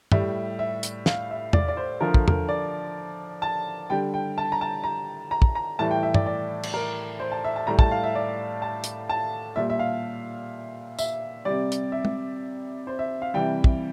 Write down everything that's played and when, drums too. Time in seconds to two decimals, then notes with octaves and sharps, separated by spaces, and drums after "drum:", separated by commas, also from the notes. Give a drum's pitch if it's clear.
0.12 A2 G3 E5, drum: tom G2
0.59 E5
0.83 drum: hi-hat
1.06 F5, drum: snare
1.31 E5
1.53 D5, drum: tom
1.68 D5
1.77 C5
2.01 D3 F3 A3 A#4
2.14 drum: kick
2.28 A#4, drum: tom
2.49 D5
3.42 A5
3.90 D3 G3 G5
4.14 G5
4.38 A5
4.52 A#5
4.61 A5
4.84 A#5
5.31 A#5
5.42 drum: kick
5.55 A#5
5.79 A2 E3 G3 A5
5.91 G5
6.03 E5
6.14 D5, drum: tom G2
6.26 D5
6.63 drum: cymbal
6.74 A#4
7.20 C5
7.32 A5
7.44 E5
7.56 A5
7.67 A2 G3 A#5
7.79 A5, drum: kick
7.91 F5
8.03 E5
8.15 D5
8.62 A5
8.84 drum: hi-hat
9.10 A5
9.56 A#2 G3 E5
9.70 E5
9.79 F5
10.99 E5, drum: tambourine
11.45 C3 G3 D5
11.72 drum: hi-hat
11.92 E5
12.05 drum: tom
12.87 C5
12.99 E5
13.22 F5
13.34 C3 E3 G3 G5
13.64 drum: kick